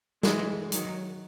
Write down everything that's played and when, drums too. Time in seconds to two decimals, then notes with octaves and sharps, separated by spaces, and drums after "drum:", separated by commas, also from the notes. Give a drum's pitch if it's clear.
0.23 E3 G#3, drum: snare
0.72 D#3 F#3, drum: hi-hat